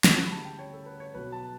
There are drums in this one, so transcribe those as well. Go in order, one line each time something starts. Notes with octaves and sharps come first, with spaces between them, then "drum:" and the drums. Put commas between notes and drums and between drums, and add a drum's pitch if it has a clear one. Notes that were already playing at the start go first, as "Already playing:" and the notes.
D2 C#3 G3 C#6, drum: snare
B5
A5
G5
C#5
A4
B4
C#5
B1 B2 F#3 B4
A5